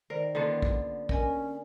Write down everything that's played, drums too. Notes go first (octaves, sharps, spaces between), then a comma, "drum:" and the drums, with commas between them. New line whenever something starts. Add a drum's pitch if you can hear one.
D#3 A#4 C5 D5
D3 A#3 B3 C#4 F4
drum: kick
C#4 A#4 D#5 G#5, drum: kick